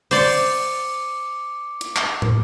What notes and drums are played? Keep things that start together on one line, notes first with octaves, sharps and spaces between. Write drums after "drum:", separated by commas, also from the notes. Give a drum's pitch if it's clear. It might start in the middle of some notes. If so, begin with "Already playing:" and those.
C5 D5 D6 C#7, drum: open hi-hat
drum: hi-hat
drum: clap
drum: tom